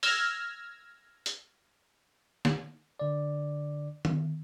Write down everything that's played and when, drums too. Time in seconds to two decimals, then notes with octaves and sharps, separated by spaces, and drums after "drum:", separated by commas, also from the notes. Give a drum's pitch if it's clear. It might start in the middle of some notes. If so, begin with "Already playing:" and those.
0.03 E6 F6 G#6 A#6, drum: open hi-hat
1.26 drum: hi-hat
2.45 drum: snare
3.00 D3 D5
4.05 drum: tom D#3